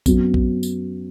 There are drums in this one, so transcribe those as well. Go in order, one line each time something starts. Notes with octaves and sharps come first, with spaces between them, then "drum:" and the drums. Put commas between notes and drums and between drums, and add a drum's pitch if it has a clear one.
F#2 F#3 B3 F#4, drum: kick A#1, tambourine
drum: kick A#1
drum: tambourine